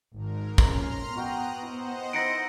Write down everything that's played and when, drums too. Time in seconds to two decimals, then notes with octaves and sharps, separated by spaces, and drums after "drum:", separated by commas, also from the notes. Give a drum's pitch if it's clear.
0.15 G#1 G#2 A#4
0.58 F2 A#2 C#4 A#4 A#5 C6 F6, drum: kick
1.16 B3 F#4 F#5 G5 A#5 D#6 F#6
1.63 E4 C5 D#5 F#5
2.13 D#4 E4 A#6 C#7 D7